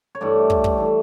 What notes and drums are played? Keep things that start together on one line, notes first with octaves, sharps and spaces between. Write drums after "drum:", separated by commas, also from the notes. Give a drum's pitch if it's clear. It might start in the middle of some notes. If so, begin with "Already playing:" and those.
C#5
G2 E3 A3 D5
drum: kick
drum: kick
E3 A3